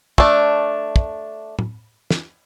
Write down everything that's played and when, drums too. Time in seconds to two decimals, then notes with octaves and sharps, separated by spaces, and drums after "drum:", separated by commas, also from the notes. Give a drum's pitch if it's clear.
0.18 A3 D4, drum: kick
0.96 drum: kick
1.59 drum: tom A2
2.11 drum: snare